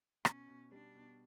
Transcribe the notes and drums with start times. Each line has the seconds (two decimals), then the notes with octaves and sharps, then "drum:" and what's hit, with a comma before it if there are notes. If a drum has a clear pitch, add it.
0.25 B2 C#4, drum: rim click
0.48 B2
0.71 G3 D4
0.95 B2